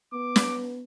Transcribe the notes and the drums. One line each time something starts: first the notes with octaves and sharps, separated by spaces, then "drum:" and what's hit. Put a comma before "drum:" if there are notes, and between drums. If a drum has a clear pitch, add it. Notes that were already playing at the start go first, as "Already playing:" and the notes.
B3 D6
drum: snare